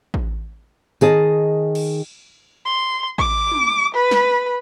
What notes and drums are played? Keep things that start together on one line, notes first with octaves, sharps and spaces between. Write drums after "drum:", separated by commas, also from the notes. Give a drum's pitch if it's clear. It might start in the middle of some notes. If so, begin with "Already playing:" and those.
drum: kick A1
D#3 G#4 D#5 A5, drum: tambourine
drum: cymbal
C6
D6, drum: kick A1
drum: tom
B4
drum: snare